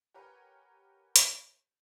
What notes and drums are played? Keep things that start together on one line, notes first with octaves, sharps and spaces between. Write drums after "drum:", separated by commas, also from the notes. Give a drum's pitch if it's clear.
G4 A#4 B4 C#5 F#5 G#5
drum: hi-hat